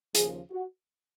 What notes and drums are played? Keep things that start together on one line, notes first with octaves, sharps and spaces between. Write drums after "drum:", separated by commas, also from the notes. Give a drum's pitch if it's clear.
D#2 C#3 F3 G#4, drum: hi-hat
F#4